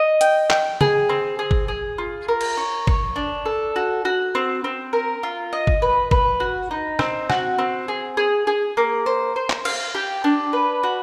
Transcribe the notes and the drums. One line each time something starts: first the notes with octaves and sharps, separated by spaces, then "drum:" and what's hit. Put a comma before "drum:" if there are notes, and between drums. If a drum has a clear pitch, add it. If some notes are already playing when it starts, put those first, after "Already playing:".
Already playing: D#5
G5, drum: hi-hat
G5, drum: clap
G#4, drum: tom
C4
G#4
drum: kick
G#4
F4
A#4
drum: cymbal
C#5
C#5, drum: kick
D4
A4
F#4
F#4
C4
C4
A#4
F4
D#5
drum: kick
B4
B4, drum: kick
F#4
D#4
C4, drum: rim click
F#4, drum: rim click
C4
G#4
G#4
G#4
A#3
C5
C5
drum: clap
F5, drum: cymbal
G4
D4
B4
F#4